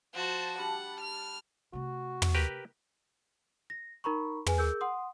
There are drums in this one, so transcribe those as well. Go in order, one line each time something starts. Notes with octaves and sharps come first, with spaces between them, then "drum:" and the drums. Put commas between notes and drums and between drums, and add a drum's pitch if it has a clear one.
F3 F#4 C5 A5
G3 D4 F#5
F6
C3 A3 F#4
drum: tom
G4 A#4 B4
A#6
D#4 A#4 A#5 B5 C#6
G#4 B4 G#5, drum: tom
G#4 A#4 E6 G6
F#5 C6 D#6